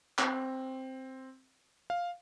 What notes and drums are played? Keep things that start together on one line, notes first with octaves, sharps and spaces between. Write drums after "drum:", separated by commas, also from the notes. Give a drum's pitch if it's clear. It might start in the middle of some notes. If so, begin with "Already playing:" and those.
C4, drum: clap
F5